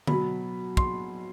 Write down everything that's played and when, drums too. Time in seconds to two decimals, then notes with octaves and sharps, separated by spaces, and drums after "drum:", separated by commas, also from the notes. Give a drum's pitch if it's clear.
0.07 B2 F#3 B5, drum: tom D3
0.77 C6, drum: kick